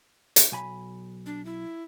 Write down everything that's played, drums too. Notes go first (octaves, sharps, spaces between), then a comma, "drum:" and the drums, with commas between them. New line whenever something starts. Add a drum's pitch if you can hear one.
drum: hi-hat
B1 G#5 B5
D4
E4